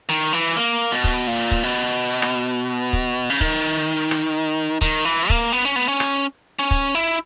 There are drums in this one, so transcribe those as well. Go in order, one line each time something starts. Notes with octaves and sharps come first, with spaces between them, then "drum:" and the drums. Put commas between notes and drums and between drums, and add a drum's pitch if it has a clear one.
D#3
E3
A#3
B2
drum: kick
A#2
drum: kick
B2
drum: rim click
drum: kick
C#3
D#3, drum: kick
drum: rim click
D#3, drum: kick
E3
A#3, drum: kick
B3
C#4
B3
C#4
drum: rim click
C#4
drum: kick
E4